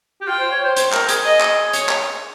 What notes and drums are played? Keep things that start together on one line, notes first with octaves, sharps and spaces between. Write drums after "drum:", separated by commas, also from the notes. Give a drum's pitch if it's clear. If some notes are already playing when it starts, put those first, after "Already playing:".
G4
F4 G5
C5
C#5
C5
C5, drum: hi-hat
A#4, drum: clap
G#4, drum: hi-hat
D#5
drum: clap
C#5, drum: hi-hat
drum: clap